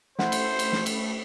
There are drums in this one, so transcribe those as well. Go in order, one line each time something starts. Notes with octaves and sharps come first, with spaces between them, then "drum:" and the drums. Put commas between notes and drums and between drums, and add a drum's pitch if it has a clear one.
A3 E4 C5 F#5 B5, drum: snare
drum: cymbal
drum: cymbal
drum: snare
drum: cymbal